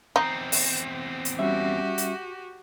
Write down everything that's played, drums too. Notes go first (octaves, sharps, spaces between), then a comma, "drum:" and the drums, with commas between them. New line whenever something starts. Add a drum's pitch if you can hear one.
E2 C4 D#4
drum: open hi-hat
drum: hi-hat
G3 C#4 F#4 G4 E5
drum: hi-hat